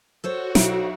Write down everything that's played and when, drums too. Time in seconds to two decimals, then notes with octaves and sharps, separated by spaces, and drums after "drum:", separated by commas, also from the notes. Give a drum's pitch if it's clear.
0.24 F#4 A4 C5 C#5
0.55 B1 E4 D7, drum: snare